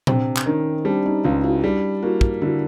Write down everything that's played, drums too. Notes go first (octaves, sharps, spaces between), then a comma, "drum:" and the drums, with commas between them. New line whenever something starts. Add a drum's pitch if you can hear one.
C3 C4 D4, drum: tom A#2
drum: clap
D#3 C#4 D#4
G3 C4 D4
C#4 D#4
C#2 D#4 F4
E4 F#4
G3 D4 E4
A#3 E4 F#4
drum: kick
D3 E4 F#4